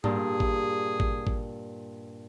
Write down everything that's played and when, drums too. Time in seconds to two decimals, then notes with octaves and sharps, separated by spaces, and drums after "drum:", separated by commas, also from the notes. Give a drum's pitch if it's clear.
0.04 G2 A#2 G#4, drum: tom G#2
0.40 drum: kick G#1
1.00 drum: kick G#1
1.27 drum: kick G#1